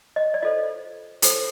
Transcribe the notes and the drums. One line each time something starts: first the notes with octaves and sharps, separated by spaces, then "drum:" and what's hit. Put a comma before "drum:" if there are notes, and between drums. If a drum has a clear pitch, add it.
D#5
D5
F4 A4 C5 D#5
F4 A4 C5, drum: hi-hat